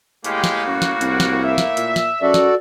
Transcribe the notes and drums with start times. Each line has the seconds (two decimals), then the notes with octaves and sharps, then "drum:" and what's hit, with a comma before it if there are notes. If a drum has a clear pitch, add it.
0.24 A2 G#3 A#3 G4, drum: hi-hat
0.44 drum: snare
0.66 F#2 F#4
0.82 drum: snare
1.01 C2, drum: hi-hat
1.20 drum: snare
1.43 E5
1.58 drum: snare
1.77 A#2, drum: hi-hat
1.96 drum: snare
2.22 F#2 F#4 A4 D5
2.34 drum: snare